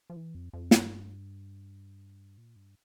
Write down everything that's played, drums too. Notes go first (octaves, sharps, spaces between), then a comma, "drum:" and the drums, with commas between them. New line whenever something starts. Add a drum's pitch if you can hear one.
F3
E3
F2
F2
G2, drum: snare
A#2
G2